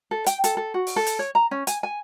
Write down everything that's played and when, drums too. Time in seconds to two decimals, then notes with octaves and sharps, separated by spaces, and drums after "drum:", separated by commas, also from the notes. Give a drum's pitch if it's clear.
0.11 A4
0.27 G5, drum: hi-hat
0.44 A4, drum: hi-hat
0.57 A4
0.74 F#4
0.87 drum: open hi-hat
0.96 A4
1.07 drum: hi-hat
1.19 C#5
1.35 A#5
1.51 C#4
1.67 G#5, drum: hi-hat
1.83 G#5